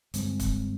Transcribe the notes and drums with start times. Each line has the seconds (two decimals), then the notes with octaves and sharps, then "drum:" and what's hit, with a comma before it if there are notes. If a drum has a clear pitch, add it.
0.14 G2 D3 G#3 C4, drum: hi-hat
0.40 drum: kick, hi-hat